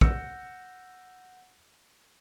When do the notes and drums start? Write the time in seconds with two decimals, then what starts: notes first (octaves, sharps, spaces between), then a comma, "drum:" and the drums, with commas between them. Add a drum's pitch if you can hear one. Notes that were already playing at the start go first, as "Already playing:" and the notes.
0.01 F#5 E6 G6 A#6 C#7, drum: kick